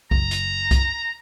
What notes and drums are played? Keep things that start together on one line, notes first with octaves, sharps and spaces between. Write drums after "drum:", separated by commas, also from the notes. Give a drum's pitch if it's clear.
F#1 A#5, drum: kick
drum: hi-hat
drum: kick, hi-hat